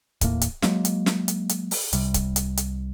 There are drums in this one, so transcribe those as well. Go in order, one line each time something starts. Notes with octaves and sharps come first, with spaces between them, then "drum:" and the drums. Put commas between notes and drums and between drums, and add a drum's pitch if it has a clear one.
D#1 D#2 A2 A#3, drum: kick C#1, hi-hat
drum: hi-hat
F#3 G#3 A#3, drum: snare
drum: hi-hat
drum: snare
drum: hi-hat
drum: hi-hat
drum: open hi-hat
C2 C3 G3, drum: hi-hat
drum: kick C#1, hi-hat
drum: hi-hat
drum: hi-hat